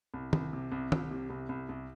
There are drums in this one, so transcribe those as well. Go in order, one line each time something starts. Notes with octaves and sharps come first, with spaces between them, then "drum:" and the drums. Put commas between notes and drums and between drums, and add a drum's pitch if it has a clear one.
C2
C2, drum: tom
C3
C2
C2, drum: tom
C3
C2
C2
C2